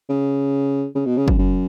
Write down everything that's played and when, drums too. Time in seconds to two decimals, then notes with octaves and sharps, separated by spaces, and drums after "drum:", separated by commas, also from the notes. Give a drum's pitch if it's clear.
0.09 C#3
0.95 C#3
1.06 B2
1.17 C#3
1.28 F#2, drum: kick
1.38 F#2